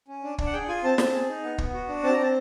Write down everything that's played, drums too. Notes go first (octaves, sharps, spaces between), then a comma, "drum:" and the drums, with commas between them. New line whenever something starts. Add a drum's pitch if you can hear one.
C#4
D4
D4, drum: kick
F#5
G#4 G5
F4 G#5
C4 A5
C4, drum: snare
G#4
D#4
B3
B3, drum: kick
F#4
D4
C4 A5
A#5
C4 A5